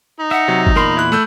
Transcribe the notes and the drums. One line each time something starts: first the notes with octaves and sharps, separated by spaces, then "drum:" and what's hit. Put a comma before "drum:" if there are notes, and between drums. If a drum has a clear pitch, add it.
D#4
E5 F#5
C3 F#3
drum: kick G1
E2 A#2 A#4 B5 C6
E4 F#6
A3 E6 G6